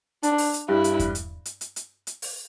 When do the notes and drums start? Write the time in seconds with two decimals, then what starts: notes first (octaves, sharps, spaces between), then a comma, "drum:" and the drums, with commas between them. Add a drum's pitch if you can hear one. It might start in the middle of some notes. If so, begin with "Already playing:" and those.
0.23 D4, drum: hi-hat
0.38 drum: open hi-hat
0.53 drum: hi-hat
0.68 G2 G3 E4
0.84 drum: hi-hat
0.99 drum: kick E2, hi-hat
1.15 drum: hi-hat
1.45 drum: hi-hat
1.61 drum: hi-hat
1.76 drum: hi-hat
2.07 drum: hi-hat
2.22 drum: open hi-hat